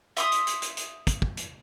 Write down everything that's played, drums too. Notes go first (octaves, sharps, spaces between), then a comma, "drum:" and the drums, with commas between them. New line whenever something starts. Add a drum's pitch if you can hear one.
E5 C6 D#6, drum: hi-hat
drum: hi-hat
drum: hi-hat
drum: hi-hat
drum: hi-hat
drum: kick, hi-hat
drum: kick
drum: hi-hat